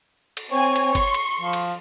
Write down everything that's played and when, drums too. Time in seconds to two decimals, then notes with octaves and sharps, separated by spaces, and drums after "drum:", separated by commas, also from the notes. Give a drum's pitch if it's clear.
0.37 drum: cymbal
0.51 C4 C#5 G#5
0.76 drum: cymbal
0.95 C6 C#6, drum: kick G1, cymbal
1.14 drum: cymbal
1.41 F3
1.53 drum: cymbal